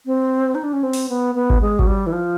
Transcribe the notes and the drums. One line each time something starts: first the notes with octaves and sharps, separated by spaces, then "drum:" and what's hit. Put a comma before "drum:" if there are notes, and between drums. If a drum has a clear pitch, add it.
C4
D#4
D4
C#4
C4
drum: open hi-hat
B3
B3
drum: kick G#1
G#3
F#3, drum: kick G#1
G3
E3
F3